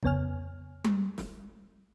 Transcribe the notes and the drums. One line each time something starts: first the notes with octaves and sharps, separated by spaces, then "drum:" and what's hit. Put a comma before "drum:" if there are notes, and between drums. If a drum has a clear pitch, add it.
F2 C#3 B3 C#5 G#5 F6, drum: kick
drum: tom G3
drum: snare